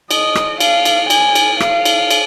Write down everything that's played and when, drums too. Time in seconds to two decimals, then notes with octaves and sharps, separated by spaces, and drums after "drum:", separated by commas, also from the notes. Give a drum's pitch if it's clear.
0.11 D#5, drum: cymbal
0.35 drum: rim click
0.60 F5, drum: cymbal
0.85 drum: cymbal
1.10 G#5, drum: cymbal
1.35 drum: cymbal
1.60 F5, drum: rim click
1.85 drum: cymbal
2.10 drum: cymbal